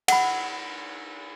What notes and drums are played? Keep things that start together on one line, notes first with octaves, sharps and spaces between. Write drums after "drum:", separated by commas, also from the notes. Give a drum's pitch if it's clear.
F#5 B5, drum: cymbal